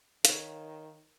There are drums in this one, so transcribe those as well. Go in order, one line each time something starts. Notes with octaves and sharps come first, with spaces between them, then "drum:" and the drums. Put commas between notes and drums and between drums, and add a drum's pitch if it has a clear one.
D#3 C#5 F5, drum: hi-hat